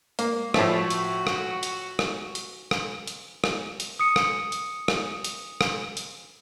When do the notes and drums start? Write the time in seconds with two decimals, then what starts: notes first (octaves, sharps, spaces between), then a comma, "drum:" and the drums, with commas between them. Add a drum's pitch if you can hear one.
0.19 A#3, drum: hi-hat
0.54 A2 F3 A3 F#4, drum: rim click
0.90 drum: hi-hat
1.27 drum: rim click
1.63 drum: hi-hat
1.99 drum: rim click
2.35 drum: hi-hat
2.71 drum: rim click
3.07 drum: hi-hat
3.44 drum: rim click
3.80 drum: hi-hat
3.99 D#6 C#7
4.16 drum: rim click
4.52 drum: hi-hat
4.88 drum: rim click
5.24 drum: hi-hat
5.61 drum: rim click
5.97 drum: hi-hat